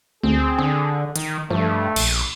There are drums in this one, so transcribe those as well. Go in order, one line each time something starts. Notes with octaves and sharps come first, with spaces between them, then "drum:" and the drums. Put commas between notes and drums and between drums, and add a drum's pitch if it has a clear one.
D2 C4 G#4
D3 C4
D#3, drum: hi-hat
G2 F3 A3
A#1, drum: cymbal